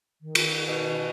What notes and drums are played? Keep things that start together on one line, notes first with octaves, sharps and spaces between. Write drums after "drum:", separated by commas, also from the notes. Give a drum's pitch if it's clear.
D#3
drum: cymbal
B2